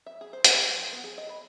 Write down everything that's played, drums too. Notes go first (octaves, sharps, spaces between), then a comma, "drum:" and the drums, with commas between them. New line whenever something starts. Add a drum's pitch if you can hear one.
E5
G#4
C5
C#4, drum: hi-hat
G4
F3
B3
G#4
D#5
B5